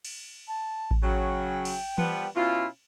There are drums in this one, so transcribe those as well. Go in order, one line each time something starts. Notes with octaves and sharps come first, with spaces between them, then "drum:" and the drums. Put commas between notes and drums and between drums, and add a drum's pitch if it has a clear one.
drum: cymbal
A5
drum: kick A1
C#3 F#3 G5
drum: cymbal
F3 G3 B3, drum: tom E3
B2 C#4 E4 F4